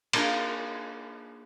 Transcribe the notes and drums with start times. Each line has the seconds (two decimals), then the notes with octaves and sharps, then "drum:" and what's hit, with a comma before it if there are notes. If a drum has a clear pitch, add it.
0.13 A#3 D4 D#4 F4 G#4 A#4, drum: cymbal